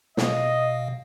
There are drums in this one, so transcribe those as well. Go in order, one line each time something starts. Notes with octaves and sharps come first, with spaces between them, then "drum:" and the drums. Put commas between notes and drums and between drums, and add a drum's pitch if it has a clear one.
B2 D#5 F5, drum: snare